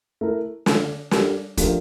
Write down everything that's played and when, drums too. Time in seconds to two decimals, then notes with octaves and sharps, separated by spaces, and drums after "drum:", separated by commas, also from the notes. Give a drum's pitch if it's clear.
0.21 A3 E4 A#4
0.66 D3 A3 D4, drum: snare
1.11 G3 D4 G4 A#4, drum: snare
1.57 F3 A3 D4 G4 A#4, drum: kick, hi-hat